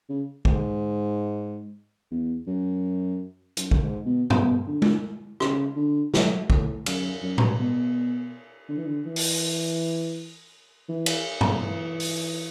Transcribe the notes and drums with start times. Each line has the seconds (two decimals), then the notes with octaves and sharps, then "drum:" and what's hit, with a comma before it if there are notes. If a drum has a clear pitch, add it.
0.09 C#3
0.45 G#2, drum: kick
2.11 E2
2.47 F#2
3.57 F#2, drum: hi-hat
3.71 drum: kick
3.82 G#2
4.06 B2
4.30 B2, drum: tom G2
4.67 D3
4.82 drum: tom G#3
5.40 C#3, drum: rim click
5.76 D3
6.14 F#3, drum: snare
6.50 A2, drum: kick
6.86 F#2, drum: cymbal
7.23 F#2
7.38 drum: tom A2
7.59 B2
8.69 D3
8.77 E3
8.86 D3
9.05 E3
9.16 drum: open hi-hat
10.89 E3
11.06 drum: cymbal
11.41 drum: tom G2
11.62 E3
12.00 drum: open hi-hat